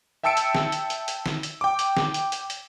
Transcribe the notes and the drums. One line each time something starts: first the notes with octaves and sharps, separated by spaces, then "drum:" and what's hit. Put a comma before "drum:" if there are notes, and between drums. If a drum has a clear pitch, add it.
E5 G5 A5 E6 C#7 D7
drum: hi-hat
drum: snare
drum: hi-hat
drum: hi-hat
drum: hi-hat
drum: snare
drum: hi-hat
G5 D6
drum: hi-hat
drum: snare
drum: hi-hat
drum: hi-hat
drum: hi-hat